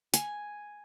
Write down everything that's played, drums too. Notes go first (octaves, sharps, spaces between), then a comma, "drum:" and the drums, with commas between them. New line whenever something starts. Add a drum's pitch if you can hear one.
G#5, drum: hi-hat